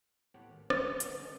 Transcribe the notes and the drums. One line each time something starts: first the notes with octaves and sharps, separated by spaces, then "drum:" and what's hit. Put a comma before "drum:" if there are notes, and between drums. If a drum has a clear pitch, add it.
A2 B3 C4 G4 C#5 F#5
G#1
D#4 G4 G#4 D5, drum: rim click
A5
D3 F#3 C#4 D#4 F#4 A#4, drum: hi-hat
D3 D#3 G3 G#3 C#4